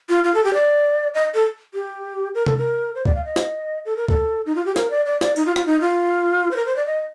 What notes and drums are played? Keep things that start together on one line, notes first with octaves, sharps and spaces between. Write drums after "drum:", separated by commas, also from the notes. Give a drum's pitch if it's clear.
F4
F4
A4
G4
D5
D#5
A4
G4
A#4
A4, drum: tom C3
A#4
C5
D5, drum: kick C#2
F5
D#5
drum: snare
A4
A#4
A4, drum: kick C#2
D#4
F4
G4
A#4, drum: snare
D5
D5
D5, drum: snare
D#4, drum: tambourine
F4
F4, drum: rim click
D#4
F4
C5
A#4
C5
D5
D#5